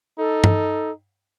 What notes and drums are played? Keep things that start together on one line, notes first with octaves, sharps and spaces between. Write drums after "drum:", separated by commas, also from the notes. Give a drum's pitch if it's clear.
D#4 A4
drum: tom G2